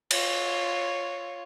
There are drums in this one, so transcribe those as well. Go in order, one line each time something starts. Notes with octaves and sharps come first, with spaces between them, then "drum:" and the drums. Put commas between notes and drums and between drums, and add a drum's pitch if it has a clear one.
F4 C#5, drum: cymbal